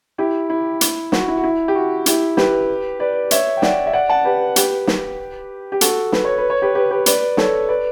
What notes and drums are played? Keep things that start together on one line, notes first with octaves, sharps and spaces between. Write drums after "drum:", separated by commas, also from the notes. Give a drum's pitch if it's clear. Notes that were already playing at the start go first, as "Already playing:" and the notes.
E4 G4
E4
drum: hi-hat
F#4, drum: snare
E4
F#4
E4
G4
F#4
E4 G4, drum: hi-hat
G4 B4, drum: snare
B4 D5
C#5 E5, drum: hi-hat
G5
D5 F#5, drum: snare
E5
D5 F#5
F#5 A5
G4 B4
G4 B4, drum: hi-hat
drum: snare
G4
F#4 A4, drum: hi-hat
B4, drum: snare
C#5
B4
C#5
G4 B4
G4 B4
G4 B4
B4 D5, drum: hi-hat
A4 C#5, drum: snare
B4 D5